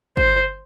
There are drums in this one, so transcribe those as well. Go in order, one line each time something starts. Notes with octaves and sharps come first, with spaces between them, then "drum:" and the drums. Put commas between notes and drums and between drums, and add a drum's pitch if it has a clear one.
C5, drum: kick